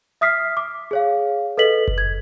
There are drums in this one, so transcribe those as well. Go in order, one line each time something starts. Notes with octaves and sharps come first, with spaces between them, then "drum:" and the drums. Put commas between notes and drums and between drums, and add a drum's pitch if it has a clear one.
E5 D#6 F6 B6 C7
D6
G#4 C#5 F5
A4 B4 D#5 B6 F#7
drum: kick F#1
G#6